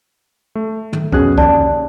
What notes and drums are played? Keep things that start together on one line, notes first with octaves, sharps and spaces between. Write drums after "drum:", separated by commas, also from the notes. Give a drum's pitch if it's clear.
A3
D#3, drum: tom
F2 B2 C#4 G#4 F#6, drum: kick C2
D#2 D5 A5, drum: kick C2